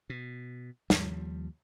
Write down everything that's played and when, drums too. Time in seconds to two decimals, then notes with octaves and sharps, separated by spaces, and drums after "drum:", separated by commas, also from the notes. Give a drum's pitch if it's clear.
0.10 B2
0.90 D#2 F3 G3, drum: snare